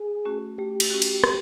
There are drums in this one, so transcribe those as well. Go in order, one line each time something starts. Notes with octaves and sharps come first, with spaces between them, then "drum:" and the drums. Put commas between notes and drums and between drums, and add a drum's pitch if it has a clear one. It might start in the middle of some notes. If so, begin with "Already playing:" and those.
Already playing: G#4
A3 C#4 F#4
A3 G4
drum: cymbal
C#4 F#4
drum: cymbal
drum: rim click